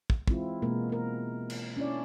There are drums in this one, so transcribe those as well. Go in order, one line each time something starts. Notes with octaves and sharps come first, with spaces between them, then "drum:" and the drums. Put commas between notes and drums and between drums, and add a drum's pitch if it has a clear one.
drum: kick
E3 G#3 C4 E4 F4, drum: kick
B2 G#3 A#3 B3 A#4
A#3 A#4
drum: cymbal
C#4 D4 E4 D5